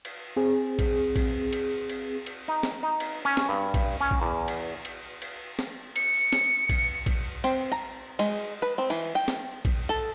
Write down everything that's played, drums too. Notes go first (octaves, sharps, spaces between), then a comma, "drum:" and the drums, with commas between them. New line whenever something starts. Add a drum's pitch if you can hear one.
drum: cymbal
C4 G#4
drum: kick A#1, cymbal
drum: kick A#1, cymbal
drum: cymbal
drum: cymbal
drum: cymbal
D#4
drum: snare
D#4
drum: cymbal
C#4
drum: snare
G2
drum: kick A#1, cymbal
C#4
drum: kick A#1
E2
drum: cymbal
drum: cymbal
drum: cymbal
drum: snare
C#7, drum: cymbal
drum: snare
drum: kick A#1, cymbal
drum: kick A#1, cymbal
C4, drum: cymbal
A#5
G#3, drum: cymbal
B4
C4
E3, drum: cymbal
G5
drum: snare
drum: kick A#1, cymbal
A4